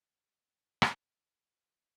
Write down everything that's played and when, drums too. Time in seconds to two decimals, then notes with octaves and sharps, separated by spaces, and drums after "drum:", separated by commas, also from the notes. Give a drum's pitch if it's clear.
0.18 C#5 F5 C6 D#6 F#6
0.82 drum: rim click